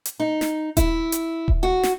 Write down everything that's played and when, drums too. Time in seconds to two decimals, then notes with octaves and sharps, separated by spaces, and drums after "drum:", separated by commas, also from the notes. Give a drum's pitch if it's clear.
0.06 drum: hi-hat
0.20 D#4
0.41 drum: snare
0.77 E4, drum: kick D#1, hi-hat
1.12 drum: hi-hat
1.48 drum: kick D#1
1.63 F#4
1.83 drum: snare